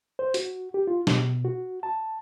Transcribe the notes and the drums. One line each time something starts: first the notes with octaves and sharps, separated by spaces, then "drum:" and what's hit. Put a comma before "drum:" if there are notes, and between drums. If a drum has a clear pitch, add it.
C5
F#4, drum: hi-hat
G4
F4
B2, drum: snare
F#4
A5